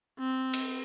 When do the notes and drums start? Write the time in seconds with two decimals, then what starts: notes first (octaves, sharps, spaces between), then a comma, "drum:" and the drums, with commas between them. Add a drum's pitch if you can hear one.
0.19 C4
0.53 drum: cymbal